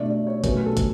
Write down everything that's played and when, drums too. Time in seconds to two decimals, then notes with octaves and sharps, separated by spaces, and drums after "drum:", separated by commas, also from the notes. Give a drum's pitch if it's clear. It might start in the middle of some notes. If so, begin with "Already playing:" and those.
Already playing: B2 A3 D4 D5 E5
0.10 D5
0.27 C#5
0.44 B2 F#3 A3 C#4 B4, drum: kick, hi-hat
0.66 A4
0.77 drum: kick, hi-hat